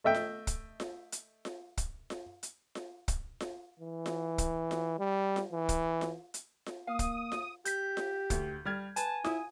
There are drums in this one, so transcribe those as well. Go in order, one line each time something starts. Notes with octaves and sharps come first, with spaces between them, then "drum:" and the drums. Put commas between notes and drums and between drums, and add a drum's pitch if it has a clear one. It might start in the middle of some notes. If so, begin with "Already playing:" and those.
A3 D#5 E5 G5
drum: snare F4
drum: kick, hi-hat
drum: snare F4
drum: hi-hat
drum: snare F4
drum: kick, hi-hat
drum: snare F4
drum: hi-hat
drum: snare F4
drum: kick, hi-hat
drum: snare F4
E3
drum: snare F4
drum: kick, hi-hat
drum: snare F4
G3
drum: snare F4
E3
drum: kick, hi-hat
drum: snare F4
drum: hi-hat
drum: snare F4
A#3 F5 D#6
drum: kick, hi-hat
drum: snare F4
G4 G6 B6, drum: hi-hat
drum: snare F4
D2, drum: kick, hi-hat
G3 F6 G#6
B4 G#5 A5, drum: hi-hat
E4 D#6, drum: snare F4